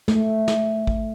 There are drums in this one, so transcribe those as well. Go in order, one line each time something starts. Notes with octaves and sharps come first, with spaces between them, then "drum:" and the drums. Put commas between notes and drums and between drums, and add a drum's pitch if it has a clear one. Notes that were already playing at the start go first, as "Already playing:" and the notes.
A3, drum: snare
drum: snare
drum: kick